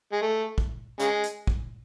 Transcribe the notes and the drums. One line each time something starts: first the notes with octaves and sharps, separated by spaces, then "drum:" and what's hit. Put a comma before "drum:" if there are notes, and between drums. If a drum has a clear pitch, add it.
G#3
A3
drum: kick
C#3 G#3, drum: hi-hat
drum: hi-hat
drum: kick